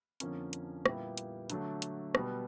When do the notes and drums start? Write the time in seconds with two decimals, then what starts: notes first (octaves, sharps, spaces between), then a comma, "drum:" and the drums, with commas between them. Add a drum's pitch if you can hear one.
0.20 F2 D3 F3 A#3 C#4, drum: hi-hat
0.53 drum: hi-hat
0.86 A#2 G3 B3 E4 G4, drum: rim click
1.17 drum: hi-hat
1.50 D3 F#3 A3, drum: hi-hat
1.82 drum: hi-hat
2.15 B2 G3 B3, drum: rim click